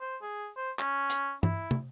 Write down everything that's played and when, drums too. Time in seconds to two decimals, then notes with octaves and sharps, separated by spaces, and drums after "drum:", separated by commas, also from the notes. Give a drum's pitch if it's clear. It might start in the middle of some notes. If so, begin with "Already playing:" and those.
0.01 C5
0.22 G#4
0.57 C5
0.79 C#4, drum: clap
1.10 drum: hi-hat
1.43 E4, drum: tom G2
1.71 drum: tom